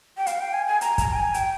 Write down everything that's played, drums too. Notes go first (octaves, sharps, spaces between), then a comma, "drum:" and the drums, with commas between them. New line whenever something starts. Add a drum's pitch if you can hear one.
G5
F5, drum: hi-hat
G5
G#5
G#5
A#5, drum: hi-hat
A#5, drum: kick, hi-hat
G5
G#5
G5, drum: hi-hat